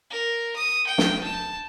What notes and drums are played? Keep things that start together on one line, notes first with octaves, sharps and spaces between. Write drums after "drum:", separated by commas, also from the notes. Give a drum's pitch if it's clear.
A#4
D#6
G5
drum: snare
A5